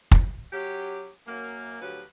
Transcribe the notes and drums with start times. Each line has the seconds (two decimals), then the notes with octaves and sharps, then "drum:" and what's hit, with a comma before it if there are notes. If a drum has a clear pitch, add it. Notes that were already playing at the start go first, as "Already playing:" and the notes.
0.11 drum: kick
0.53 F#3 C#4 G4
1.27 F#2 A#3
1.82 D2 F3 F#3 G4 B4